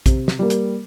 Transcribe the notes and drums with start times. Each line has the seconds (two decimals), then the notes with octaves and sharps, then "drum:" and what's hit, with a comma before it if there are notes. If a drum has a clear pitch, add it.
0.06 C3, drum: kick, hi-hat
0.28 drum: snare
0.39 G3 A#3
0.50 drum: hi-hat